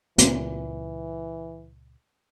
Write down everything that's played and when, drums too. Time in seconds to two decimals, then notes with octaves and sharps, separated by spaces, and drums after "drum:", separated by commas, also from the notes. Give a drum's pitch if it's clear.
0.18 C#2 A#2 E3, drum: hi-hat